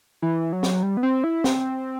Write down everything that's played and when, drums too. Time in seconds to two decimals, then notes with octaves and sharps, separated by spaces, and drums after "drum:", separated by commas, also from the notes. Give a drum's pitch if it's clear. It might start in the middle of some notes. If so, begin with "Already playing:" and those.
0.22 E3
0.53 F#3
0.63 drum: snare
0.83 G3
0.97 B3
1.03 C4
1.24 E4
1.44 C4, drum: snare